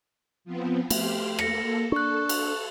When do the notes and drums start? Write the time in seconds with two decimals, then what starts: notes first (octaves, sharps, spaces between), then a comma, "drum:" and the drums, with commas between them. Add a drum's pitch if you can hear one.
0.45 F3 B3 C4
0.90 A3 G4 C6 F6, drum: cymbal
1.39 A#3 A4 A#6 C#7, drum: rim click
1.92 D4 A4 C#6 F#6
2.29 drum: cymbal